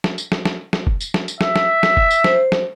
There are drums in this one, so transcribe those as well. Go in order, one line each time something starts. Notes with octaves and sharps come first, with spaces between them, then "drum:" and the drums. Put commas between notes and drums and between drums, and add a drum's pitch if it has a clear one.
drum: snare
drum: tambourine
drum: snare
drum: snare
drum: snare
drum: kick
drum: tambourine
drum: snare
drum: tambourine
E5, drum: snare
drum: snare
drum: snare
drum: kick
drum: tambourine
C5, drum: snare
drum: snare